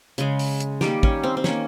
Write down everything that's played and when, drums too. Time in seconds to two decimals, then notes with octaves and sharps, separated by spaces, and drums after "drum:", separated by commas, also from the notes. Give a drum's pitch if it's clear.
0.18 C#3 G#3, drum: hi-hat
0.39 drum: open hi-hat
0.60 drum: hi-hat
0.81 D#3 G3 A#3 G4, drum: snare
1.03 C#4, drum: kick
1.23 C4
1.37 C4
1.44 D#3 A#3 C#4, drum: snare